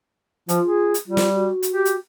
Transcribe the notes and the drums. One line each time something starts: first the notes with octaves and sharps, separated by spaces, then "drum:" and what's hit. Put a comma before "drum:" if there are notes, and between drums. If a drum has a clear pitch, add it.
F3 F4, drum: hi-hat
G#4
drum: hi-hat
G3 F4
drum: snare
F#4
drum: hi-hat
G4
drum: hi-hat